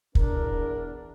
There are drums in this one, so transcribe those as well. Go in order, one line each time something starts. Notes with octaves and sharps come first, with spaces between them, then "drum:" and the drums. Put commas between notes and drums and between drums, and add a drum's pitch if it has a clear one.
E2 D4 A#4, drum: kick